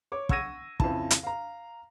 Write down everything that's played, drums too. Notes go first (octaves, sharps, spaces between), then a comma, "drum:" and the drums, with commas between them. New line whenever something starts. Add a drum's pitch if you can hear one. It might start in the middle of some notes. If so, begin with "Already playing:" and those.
C#5 D6
F#5 C#6 E6 G#6 A#6 D#7, drum: kick
F2 C#3 E4 A5, drum: kick
drum: hi-hat
F5 A#5